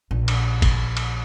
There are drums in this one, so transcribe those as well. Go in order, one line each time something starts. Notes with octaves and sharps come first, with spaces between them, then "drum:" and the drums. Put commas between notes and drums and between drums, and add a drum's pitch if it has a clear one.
A#1
drum: cymbal
drum: kick G1, cymbal
drum: cymbal